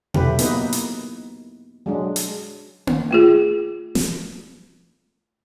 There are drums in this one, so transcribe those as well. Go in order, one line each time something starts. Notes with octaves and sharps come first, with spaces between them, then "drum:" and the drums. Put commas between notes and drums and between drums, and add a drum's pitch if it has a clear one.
E3 F#3 A3 G4 B4, drum: tom B2
A#3 B3 D#4 B4, drum: hi-hat
drum: hi-hat
F#3 G#3 D4
drum: hi-hat
drum: tom A#3
A3 F4 G#4
drum: snare